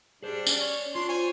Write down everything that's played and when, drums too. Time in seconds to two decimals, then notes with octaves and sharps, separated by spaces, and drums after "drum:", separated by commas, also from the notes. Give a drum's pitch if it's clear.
0.23 G3 D4 G#4 C5
0.47 C#4 D5, drum: tambourine
0.60 C#5
0.95 D4 F4 C6
1.09 C5 C#5 G#5